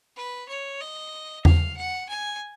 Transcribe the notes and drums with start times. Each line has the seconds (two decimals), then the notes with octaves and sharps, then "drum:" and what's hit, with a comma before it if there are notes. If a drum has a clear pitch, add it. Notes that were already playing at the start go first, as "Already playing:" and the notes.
0.17 B4
0.49 C#5
0.81 D#5
1.45 F5, drum: tom E2
1.77 F#5
2.09 G#5